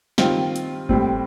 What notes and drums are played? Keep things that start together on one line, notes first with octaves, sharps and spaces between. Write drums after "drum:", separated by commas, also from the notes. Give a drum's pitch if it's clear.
D#3 G3 C4 F4, drum: snare
drum: hi-hat
A2 G3 C4, drum: kick G1